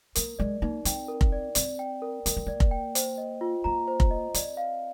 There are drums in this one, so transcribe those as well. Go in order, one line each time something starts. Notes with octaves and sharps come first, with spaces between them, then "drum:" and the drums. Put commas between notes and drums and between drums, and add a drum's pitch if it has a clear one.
A#3 A#4, drum: hi-hat
G#3 D5
A#3 D#4
C4 G5, drum: hi-hat
A#4
drum: kick F1
D5
C4 D5, drum: hi-hat
G5
A#4
A#3 A#4, drum: hi-hat
C4
A#3 D5
drum: kick F1
G5
C5, drum: hi-hat
D#5
F4
A#3 A#5
C5
drum: kick F1
D#5
C4 D5, drum: hi-hat
F5